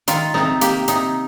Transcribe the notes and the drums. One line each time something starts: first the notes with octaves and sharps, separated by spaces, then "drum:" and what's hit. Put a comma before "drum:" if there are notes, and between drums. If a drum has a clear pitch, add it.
D#3 F4, drum: hi-hat
C3 D#4, drum: snare
A#3 G4, drum: hi-hat
C3 D#4, drum: hi-hat